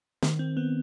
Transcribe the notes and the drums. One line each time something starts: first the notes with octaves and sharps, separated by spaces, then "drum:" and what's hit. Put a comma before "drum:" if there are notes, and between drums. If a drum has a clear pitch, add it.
D#3, drum: snare
C4
B3